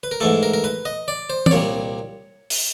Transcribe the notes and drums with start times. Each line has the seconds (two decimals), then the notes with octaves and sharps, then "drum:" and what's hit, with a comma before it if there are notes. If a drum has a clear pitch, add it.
0.03 B4
0.11 A#4
0.21 G#2 E3 A3 A4
0.43 A#4
0.53 A#4
0.64 B4
0.85 D#5
1.08 D5
1.30 C5
1.46 D5, drum: tom E3
1.51 C2 A#2 G3 C#5
2.50 drum: open hi-hat